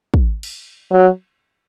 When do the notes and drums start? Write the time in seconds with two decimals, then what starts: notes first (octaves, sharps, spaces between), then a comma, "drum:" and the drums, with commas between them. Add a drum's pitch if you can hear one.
0.14 drum: kick
0.43 drum: cymbal
0.92 F#3